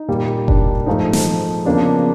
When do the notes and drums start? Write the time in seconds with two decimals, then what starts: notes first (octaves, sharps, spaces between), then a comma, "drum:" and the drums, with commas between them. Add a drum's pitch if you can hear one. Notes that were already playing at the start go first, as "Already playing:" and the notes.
Already playing: D#4
0.08 A#2 G3 A#3
0.48 D4, drum: kick F1
0.86 G#2 F3 A3 D#4
1.13 drum: snare
1.65 E2 C#3 F3 A#3 D4